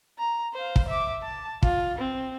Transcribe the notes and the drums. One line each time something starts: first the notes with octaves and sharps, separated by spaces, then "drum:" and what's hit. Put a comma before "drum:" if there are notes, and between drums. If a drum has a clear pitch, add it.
A#5
C5 F5
drum: kick
E5 D6
A5
F4, drum: kick
C4